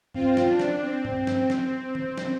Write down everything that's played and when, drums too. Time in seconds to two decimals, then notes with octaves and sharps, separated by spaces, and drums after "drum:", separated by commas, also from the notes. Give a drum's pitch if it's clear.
0.14 C4 F4, drum: tom G2
0.37 drum: snare
0.49 D4
0.60 drum: snare
0.82 C4
1.05 drum: tom G2
1.27 drum: snare
1.50 drum: snare
1.95 drum: tom D#3
2.18 drum: snare